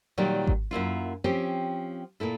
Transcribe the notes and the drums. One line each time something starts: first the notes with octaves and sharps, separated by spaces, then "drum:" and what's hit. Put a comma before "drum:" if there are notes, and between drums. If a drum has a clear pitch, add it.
A#2 D#3 F#3 G3
drum: kick G#1
F#2 A#3 E4 F4
F3 C4 C#4 G4
A#2 A#3 E4 A4